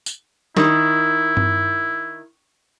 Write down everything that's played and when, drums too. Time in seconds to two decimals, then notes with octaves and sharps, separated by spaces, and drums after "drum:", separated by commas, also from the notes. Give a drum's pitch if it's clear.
0.06 drum: tambourine
0.57 D#3 E4, drum: snare
1.37 drum: tom G2